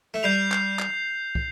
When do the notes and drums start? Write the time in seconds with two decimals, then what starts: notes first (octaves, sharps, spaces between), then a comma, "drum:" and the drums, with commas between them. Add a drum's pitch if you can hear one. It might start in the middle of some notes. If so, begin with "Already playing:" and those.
0.14 A3
0.23 G3 G6 C7 F7
0.52 G6 C7 F7, drum: clap
0.79 drum: clap
1.35 drum: kick